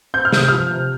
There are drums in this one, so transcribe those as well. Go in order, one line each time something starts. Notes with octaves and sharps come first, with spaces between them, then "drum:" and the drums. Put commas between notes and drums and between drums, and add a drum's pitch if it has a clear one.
C4 G6
F6
C3 D#6, drum: snare
F3 F6
C3